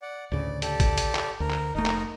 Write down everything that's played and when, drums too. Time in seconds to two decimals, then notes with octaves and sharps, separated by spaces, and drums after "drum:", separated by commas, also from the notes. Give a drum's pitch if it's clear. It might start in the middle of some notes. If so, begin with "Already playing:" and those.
0.02 D5 F#5
0.32 D2 A2 C#3 D5
0.62 G4 A4 D5, drum: hi-hat
0.80 drum: kick A1, hi-hat
0.98 drum: hi-hat
1.15 drum: clap
1.40 D2 A#4
1.51 drum: clap
1.75 F1 A3 D#4 A#4 D#5
1.86 drum: clap